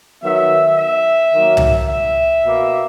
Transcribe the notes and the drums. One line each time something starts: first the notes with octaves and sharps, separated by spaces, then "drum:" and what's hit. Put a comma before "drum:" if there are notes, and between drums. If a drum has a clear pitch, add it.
D#3 F#3 B3 E5
E5
D#3 F#3 A#3
drum: tom C2
E5
B2 A#3